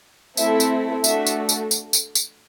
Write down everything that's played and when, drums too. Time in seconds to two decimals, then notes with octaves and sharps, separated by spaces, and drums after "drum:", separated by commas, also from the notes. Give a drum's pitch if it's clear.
0.37 A3 C4 E4 A4 E5, drum: tambourine
0.60 drum: tambourine
1.04 A3 D4 F#4 A4 E5, drum: tambourine
1.27 drum: tambourine
1.49 drum: tambourine
1.71 drum: tambourine
1.93 drum: tambourine
2.15 drum: tambourine